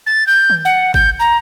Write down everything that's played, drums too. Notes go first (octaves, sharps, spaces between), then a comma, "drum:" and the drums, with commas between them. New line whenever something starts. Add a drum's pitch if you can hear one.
A6
G6
drum: tom D#3
F#5
G6, drum: kick G#1
A#5